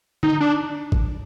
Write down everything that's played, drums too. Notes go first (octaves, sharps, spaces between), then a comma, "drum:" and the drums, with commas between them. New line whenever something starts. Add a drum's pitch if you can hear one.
D#4, drum: tom D3
D4
drum: kick G#1